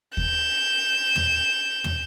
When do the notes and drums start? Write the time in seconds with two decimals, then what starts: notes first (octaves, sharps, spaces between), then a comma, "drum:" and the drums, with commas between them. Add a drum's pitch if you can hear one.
0.17 G6 E7, drum: kick D#2
1.16 drum: tom
1.84 drum: tom